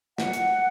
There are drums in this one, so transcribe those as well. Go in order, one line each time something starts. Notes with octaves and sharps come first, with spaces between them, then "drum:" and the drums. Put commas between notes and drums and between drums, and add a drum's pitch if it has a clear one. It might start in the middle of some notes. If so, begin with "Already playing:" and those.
F#5, drum: snare
drum: hi-hat